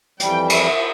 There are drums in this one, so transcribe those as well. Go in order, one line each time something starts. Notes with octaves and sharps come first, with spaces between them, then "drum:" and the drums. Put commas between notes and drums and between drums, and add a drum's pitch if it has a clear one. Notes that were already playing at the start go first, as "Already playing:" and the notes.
F2 E3 G3 G5, drum: hi-hat
E5, drum: cymbal